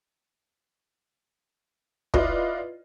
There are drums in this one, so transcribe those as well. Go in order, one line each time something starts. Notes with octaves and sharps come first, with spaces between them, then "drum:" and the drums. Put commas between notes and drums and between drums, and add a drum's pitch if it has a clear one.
E4 F4 B4 D5 D#5, drum: kick